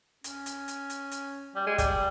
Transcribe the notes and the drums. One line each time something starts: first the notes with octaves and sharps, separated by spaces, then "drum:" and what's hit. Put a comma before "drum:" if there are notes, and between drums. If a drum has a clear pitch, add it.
C#4, drum: hi-hat
drum: hi-hat
drum: hi-hat
drum: hi-hat
drum: hi-hat
G3
G#3
G3, drum: kick, hi-hat